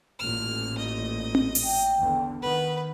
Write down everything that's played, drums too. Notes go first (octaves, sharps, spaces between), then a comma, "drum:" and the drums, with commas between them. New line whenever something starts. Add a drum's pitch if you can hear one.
A1 A#2 F6
D#5
drum: tom C4
drum: open hi-hat
G5
E2 D3
D#3 B4 F#5